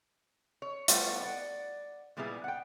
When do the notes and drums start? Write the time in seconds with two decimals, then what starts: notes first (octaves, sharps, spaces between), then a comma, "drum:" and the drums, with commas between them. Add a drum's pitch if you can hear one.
0.62 C#5
0.88 G3 A3 B3 F4 G4, drum: hi-hat
1.22 D5 F#5
2.17 A#2 G3 B3 E4 G#4
2.44 F#5 G5